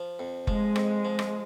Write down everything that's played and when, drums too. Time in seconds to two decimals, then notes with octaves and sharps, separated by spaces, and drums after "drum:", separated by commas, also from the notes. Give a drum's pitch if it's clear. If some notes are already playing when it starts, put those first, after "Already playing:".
Already playing: F3
0.19 F2
0.47 F3 G#3, drum: kick F#1
0.76 F2, drum: rim click
1.05 F3
1.19 drum: rim click